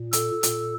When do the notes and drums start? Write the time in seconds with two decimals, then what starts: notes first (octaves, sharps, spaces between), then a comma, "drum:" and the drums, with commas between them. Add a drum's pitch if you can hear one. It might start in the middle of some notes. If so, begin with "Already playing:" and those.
Already playing: A#2
0.13 A4, drum: hi-hat
0.43 A#2, drum: hi-hat